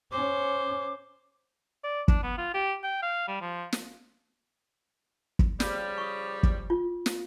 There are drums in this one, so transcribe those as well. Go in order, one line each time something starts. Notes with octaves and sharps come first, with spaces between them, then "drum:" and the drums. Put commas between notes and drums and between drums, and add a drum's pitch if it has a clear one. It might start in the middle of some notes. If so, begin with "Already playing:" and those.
C#4 C5 D6
D5
D4, drum: kick
B3
F4
G4
G5
F5
G3
F3
drum: snare
drum: kick
C#3 F3 G3, drum: snare
C#6 D#6
drum: kick
F4
drum: snare